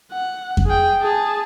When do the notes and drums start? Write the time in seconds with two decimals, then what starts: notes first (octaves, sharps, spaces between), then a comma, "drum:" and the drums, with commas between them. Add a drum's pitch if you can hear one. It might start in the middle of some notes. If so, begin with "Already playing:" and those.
0.13 F#5
0.57 drum: kick F2
0.66 G#4 G5
1.02 G#4 A5